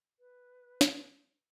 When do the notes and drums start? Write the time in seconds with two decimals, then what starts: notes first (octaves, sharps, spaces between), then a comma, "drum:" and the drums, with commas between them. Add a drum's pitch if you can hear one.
0.20 B4
0.81 drum: snare